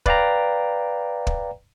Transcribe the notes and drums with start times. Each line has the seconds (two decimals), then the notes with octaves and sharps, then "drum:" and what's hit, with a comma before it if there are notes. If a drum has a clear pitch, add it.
0.06 B4 D5 F5 G5 A#5, drum: kick
1.27 drum: kick